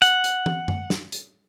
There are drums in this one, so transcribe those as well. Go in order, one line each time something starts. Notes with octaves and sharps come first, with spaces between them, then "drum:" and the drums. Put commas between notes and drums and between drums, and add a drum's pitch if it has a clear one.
F#5, drum: hi-hat
drum: hi-hat
drum: tom
drum: tom F#2
drum: snare
drum: hi-hat